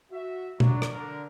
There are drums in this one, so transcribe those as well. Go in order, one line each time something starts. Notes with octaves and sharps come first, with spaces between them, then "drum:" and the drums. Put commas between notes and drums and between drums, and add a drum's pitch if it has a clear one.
F#4 E5
F#3 D4, drum: tom
drum: rim click
D3 A#4